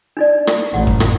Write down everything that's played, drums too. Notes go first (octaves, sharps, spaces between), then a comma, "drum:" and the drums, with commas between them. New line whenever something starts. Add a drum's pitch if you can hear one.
D4 D#4 D5
drum: rim click
A1 F#5
drum: kick F2
drum: rim click